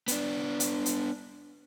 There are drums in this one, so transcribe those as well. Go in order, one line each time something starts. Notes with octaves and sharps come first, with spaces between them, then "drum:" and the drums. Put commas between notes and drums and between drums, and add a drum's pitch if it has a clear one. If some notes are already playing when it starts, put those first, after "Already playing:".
B3 D4, drum: hi-hat
drum: hi-hat
drum: hi-hat